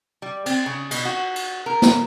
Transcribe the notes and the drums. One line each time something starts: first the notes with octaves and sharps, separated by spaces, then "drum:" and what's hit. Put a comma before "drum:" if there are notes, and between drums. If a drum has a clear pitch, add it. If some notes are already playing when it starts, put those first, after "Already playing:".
G3
C4, drum: cymbal
C#3
B2, drum: cymbal
F#4
drum: cymbal
A#4
drum: snare